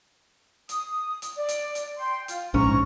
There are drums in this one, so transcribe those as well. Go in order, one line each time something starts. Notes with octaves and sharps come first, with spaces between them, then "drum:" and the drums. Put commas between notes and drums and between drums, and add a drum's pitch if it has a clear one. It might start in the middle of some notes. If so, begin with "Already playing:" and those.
D#6, drum: hi-hat
drum: hi-hat
D5
drum: hi-hat
drum: hi-hat
G5 C6
F4, drum: hi-hat
A#1 G#2 C#4 A#5 C#6